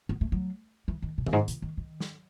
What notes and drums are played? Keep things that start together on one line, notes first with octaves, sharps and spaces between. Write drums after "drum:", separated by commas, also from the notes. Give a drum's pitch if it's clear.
B3
A3
F#3
E3
D#3
B2
F#2, drum: tom D#3
G#2
B2, drum: hi-hat
D#3
D#3
drum: snare